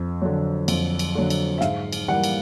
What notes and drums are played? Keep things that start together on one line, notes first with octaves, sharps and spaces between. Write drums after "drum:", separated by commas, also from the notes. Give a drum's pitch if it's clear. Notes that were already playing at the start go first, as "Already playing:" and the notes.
Already playing: F2
D3 F#3
F2, drum: cymbal
drum: cymbal
D3 F#3
drum: cymbal
E5
G#2 F5, drum: snare
drum: cymbal
E3 G3 A#3 F#5
drum: cymbal